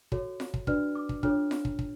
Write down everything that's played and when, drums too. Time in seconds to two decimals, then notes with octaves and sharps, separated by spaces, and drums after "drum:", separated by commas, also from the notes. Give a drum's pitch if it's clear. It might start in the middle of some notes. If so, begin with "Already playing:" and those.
0.12 F#4 A4 C#5, drum: kick
0.40 drum: snare F4
0.54 drum: kick
0.67 D4 F#4 B4 D5 F6, drum: kick
0.95 D6
1.09 drum: kick
1.23 D4 F4 A4 C#5 F6, drum: kick
1.51 drum: snare F4
1.65 drum: kick
1.79 drum: kick